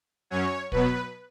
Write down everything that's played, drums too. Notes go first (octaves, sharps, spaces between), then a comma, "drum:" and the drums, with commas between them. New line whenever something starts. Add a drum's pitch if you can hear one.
F#2 F#3 C#4 C#5
B2 F#3 B3 B4, drum: kick